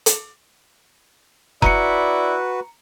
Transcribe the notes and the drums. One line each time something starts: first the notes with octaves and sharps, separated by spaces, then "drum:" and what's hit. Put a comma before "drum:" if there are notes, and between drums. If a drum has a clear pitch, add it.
drum: hi-hat
E4 F#4 B4 D5 A#5 C#7, drum: kick F1